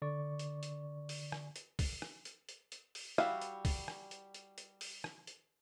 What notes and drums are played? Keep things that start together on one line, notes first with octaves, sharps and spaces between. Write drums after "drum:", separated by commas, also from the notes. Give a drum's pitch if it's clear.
D3 D5 C#6
drum: hi-hat
drum: hi-hat
drum: open hi-hat
drum: rim click
drum: hi-hat
drum: kick C2, open hi-hat
drum: rim click
drum: hi-hat
drum: hi-hat
drum: hi-hat
drum: open hi-hat
G3 E4 F#4 E5 F5, drum: rim click
drum: hi-hat
drum: kick C2, open hi-hat
drum: rim click
drum: hi-hat
drum: hi-hat
drum: hi-hat
drum: open hi-hat
drum: rim click
drum: hi-hat